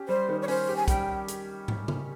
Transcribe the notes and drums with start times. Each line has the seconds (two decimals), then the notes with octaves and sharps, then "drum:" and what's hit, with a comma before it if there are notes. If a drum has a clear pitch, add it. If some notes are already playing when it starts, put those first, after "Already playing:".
Already playing: C#4 G4
0.08 G3 C5
0.29 D#3
0.42 C#5
0.48 C#4 C5, drum: open hi-hat
0.68 G4
0.76 G#5
0.88 G3 G5, drum: kick B1, hi-hat
1.28 drum: hi-hat
1.68 drum: tom
1.88 drum: tom C#3